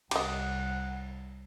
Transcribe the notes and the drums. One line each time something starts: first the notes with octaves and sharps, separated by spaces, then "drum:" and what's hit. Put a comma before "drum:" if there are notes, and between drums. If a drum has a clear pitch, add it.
C2 G4 D#5 F#5, drum: cymbal